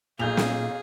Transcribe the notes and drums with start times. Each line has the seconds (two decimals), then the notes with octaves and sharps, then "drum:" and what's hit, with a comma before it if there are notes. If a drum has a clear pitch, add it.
0.19 B1 A#2 G#4 F5 G6 F7
0.37 drum: snare